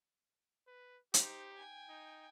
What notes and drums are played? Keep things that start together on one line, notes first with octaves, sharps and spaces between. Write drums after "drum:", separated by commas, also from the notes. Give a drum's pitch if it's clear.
B4
D#4 G4 C5, drum: hi-hat
G5 G#5
D#4